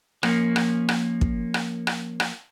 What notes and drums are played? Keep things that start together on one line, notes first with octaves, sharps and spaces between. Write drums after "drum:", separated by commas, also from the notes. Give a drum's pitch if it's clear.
F3 A#3 C#4, drum: rim click
drum: rim click
drum: rim click
drum: kick
drum: rim click
drum: rim click
drum: rim click